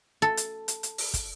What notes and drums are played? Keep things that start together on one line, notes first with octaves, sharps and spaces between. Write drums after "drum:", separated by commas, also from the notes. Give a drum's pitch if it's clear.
A4
drum: hi-hat
drum: hi-hat
drum: hi-hat
drum: open hi-hat
drum: kick, hi-hat